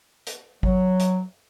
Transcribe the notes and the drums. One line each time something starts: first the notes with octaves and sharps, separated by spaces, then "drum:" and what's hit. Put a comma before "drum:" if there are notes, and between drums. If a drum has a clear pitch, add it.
drum: hi-hat
F#3, drum: kick G#1
drum: hi-hat